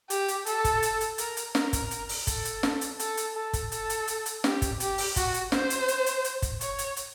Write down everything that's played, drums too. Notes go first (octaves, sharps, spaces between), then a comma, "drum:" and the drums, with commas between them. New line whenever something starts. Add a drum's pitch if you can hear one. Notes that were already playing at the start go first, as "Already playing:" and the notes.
G4, drum: hi-hat
drum: hi-hat
A4, drum: hi-hat
drum: kick, hi-hat
drum: hi-hat
drum: hi-hat
A#4, drum: hi-hat
drum: hi-hat
A#4, drum: snare
drum: kick, hi-hat
drum: hi-hat
drum: open hi-hat
A4, drum: kick, hi-hat
drum: hi-hat
drum: snare
drum: hi-hat
A4, drum: hi-hat
drum: hi-hat
A4
drum: kick, hi-hat
A4, drum: hi-hat
drum: hi-hat
drum: hi-hat
drum: hi-hat
G4, drum: snare
drum: kick, hi-hat
G4, drum: hi-hat
drum: open hi-hat
F#4, drum: kick, hi-hat
drum: hi-hat
C5, drum: snare
drum: hi-hat
drum: hi-hat
drum: hi-hat
drum: hi-hat
drum: kick, hi-hat
C#5, drum: hi-hat
drum: hi-hat
drum: hi-hat